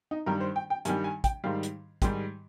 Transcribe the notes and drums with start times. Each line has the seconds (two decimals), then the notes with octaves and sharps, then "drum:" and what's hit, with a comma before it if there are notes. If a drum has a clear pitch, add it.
0.11 D#4
0.26 G2 D#3 G3 A#4
0.41 C5
0.56 G5
0.70 G5
0.85 G2 D#3 G3 G#5, drum: hi-hat
1.04 G#5
1.24 G5, drum: kick, hi-hat
1.44 G#2 D#3 G3 F5
1.63 drum: hi-hat
2.02 G#2 D#3 G3 G4, drum: kick, hi-hat